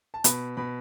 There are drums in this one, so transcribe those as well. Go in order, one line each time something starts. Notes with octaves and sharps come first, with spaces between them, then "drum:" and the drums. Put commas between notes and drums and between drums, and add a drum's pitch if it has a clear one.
A5
B2 B5, drum: hi-hat
B2 B5